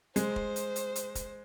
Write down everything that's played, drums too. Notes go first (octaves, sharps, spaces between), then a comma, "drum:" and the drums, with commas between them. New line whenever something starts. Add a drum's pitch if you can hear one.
G#3 C5, drum: hi-hat
drum: kick
drum: hi-hat
drum: hi-hat
drum: hi-hat
drum: kick, hi-hat